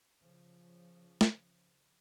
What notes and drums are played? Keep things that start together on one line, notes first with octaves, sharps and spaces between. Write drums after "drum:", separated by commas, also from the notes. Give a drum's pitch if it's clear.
C#3 F3
drum: snare